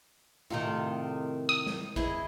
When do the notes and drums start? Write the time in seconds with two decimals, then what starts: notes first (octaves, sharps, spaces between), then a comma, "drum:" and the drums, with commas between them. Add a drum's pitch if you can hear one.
0.50 A2 C3 D#3 F4 A4 D#5
1.49 D#6
1.66 drum: snare
1.96 E4 G#4 D#5, drum: kick A1